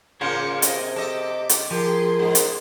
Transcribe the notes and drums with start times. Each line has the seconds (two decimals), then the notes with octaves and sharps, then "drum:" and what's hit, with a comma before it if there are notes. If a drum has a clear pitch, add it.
0.21 C#3 A#3 F4 G#4 A#4 C5 C#7
0.62 C3 D#5, drum: hi-hat
0.96 G4 A4 D#5 D6
1.49 drum: hi-hat
1.71 F3 G4 G#4 A#4 C6
2.19 G#2 D#4
2.35 drum: hi-hat